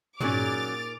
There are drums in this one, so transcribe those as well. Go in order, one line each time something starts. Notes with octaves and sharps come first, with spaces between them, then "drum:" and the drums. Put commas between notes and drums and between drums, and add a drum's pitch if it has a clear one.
A#2 F#3 C#4 D#4 G#4 D6 F6 A6, drum: tom